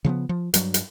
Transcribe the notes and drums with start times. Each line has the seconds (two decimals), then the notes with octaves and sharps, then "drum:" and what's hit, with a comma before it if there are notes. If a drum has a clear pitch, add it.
0.05 C#3 F3 A3 B3
0.29 F3
0.54 G2 F#3, drum: hi-hat
0.74 drum: hi-hat